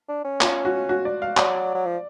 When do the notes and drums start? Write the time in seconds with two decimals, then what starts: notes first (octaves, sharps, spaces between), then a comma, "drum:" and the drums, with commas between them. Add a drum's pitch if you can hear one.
0.09 D4
0.25 C#4
0.41 F4, drum: clap
0.65 F#4
0.89 F#4
1.05 D5
1.22 F5
1.37 F#3 D5, drum: clap
1.75 F#3
1.86 F3